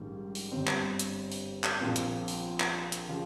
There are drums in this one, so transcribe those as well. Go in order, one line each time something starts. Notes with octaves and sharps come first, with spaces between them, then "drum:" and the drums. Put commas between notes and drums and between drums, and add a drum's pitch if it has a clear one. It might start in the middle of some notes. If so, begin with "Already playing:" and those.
Already playing: A#1 G#2 D#3 G3 C#4
drum: open hi-hat
G1 G2 G3 C4
drum: clap
drum: hi-hat
drum: open hi-hat
drum: clap
A#1 A#2 F3 C4
drum: hi-hat
drum: open hi-hat
drum: clap
drum: hi-hat
C#3 F3